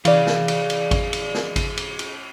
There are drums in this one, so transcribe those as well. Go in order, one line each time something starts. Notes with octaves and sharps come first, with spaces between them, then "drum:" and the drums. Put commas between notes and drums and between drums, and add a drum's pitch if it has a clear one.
E3 G#4 D5 F5, drum: cymbal
drum: snare
drum: cymbal
drum: cymbal
drum: kick G#1, cymbal
drum: cymbal
drum: snare
drum: kick G#1, cymbal
drum: cymbal
drum: cymbal